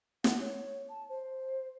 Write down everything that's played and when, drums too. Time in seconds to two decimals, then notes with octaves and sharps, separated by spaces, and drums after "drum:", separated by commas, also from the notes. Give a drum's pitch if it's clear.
0.24 F#5, drum: snare
0.41 C#5
0.89 A5
1.09 C5